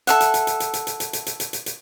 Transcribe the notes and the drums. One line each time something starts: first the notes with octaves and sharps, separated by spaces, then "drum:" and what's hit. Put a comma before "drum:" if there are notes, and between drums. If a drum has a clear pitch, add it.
A4 E5 F#5, drum: hi-hat
drum: hi-hat
drum: hi-hat
drum: hi-hat
drum: hi-hat
drum: hi-hat
drum: hi-hat
drum: hi-hat
drum: hi-hat
drum: hi-hat
drum: hi-hat
drum: hi-hat
drum: hi-hat